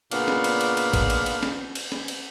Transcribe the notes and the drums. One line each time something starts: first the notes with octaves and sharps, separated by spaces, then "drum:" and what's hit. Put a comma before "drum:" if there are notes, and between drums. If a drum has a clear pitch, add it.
A#2 C#3 B3 D4 F5, drum: cymbal
drum: snare
drum: cymbal
drum: cymbal
drum: cymbal
drum: kick, cymbal
drum: cymbal
drum: cymbal
drum: snare
drum: cymbal
drum: snare
drum: cymbal